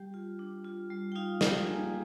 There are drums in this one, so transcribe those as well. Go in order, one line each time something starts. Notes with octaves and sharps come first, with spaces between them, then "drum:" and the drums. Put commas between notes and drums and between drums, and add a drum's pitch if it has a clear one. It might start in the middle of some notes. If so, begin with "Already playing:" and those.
Already playing: G3 G4 G5
F4
D4
F4
G3
G5
D#4 F4 F5
D#4 G4 G5, drum: snare
A#3 G#4 G#5